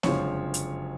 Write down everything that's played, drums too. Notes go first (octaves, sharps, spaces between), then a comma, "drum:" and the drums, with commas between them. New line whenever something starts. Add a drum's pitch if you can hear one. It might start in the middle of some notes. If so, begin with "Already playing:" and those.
F#1 F2 D3 F3 G#3 C#5, drum: snare B3
drum: hi-hat